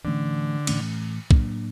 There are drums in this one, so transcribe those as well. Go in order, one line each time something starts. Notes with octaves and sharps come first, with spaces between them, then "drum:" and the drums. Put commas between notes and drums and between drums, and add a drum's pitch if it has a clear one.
A2 D3 E3 A3 C#4
A2 E3 A3 C#4, drum: cymbal
A2 F#3 A#3 D4, drum: kick